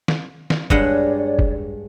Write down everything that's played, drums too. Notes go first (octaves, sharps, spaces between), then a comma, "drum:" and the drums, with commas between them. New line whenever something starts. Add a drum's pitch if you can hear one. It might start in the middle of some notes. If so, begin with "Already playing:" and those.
drum: snare
drum: snare
G2 G#3 C#5 D5 F#5, drum: kick
drum: kick